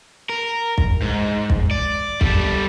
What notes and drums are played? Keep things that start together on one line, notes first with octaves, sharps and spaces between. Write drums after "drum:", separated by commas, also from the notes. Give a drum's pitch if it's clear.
A#4
drum: kick
G#2
drum: kick
D5
G3 A4, drum: kick